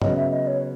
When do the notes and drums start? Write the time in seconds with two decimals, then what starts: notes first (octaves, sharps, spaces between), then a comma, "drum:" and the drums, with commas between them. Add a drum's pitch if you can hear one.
0.02 C#3 F#3 B3 D#5, drum: tom
0.16 E5
0.31 D#5
0.47 C#5